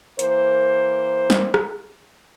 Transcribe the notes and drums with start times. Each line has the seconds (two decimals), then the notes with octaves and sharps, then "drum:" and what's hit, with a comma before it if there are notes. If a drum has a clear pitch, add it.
0.19 E3 A#3 A#4 C5, drum: hi-hat
1.30 drum: snare
1.54 drum: rim click